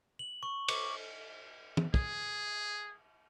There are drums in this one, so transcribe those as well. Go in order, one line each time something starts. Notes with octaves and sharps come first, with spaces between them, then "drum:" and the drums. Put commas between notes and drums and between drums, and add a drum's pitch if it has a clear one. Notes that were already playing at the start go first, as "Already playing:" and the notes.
F#7
C#6
D6, drum: cymbal
drum: tom
G#4, drum: kick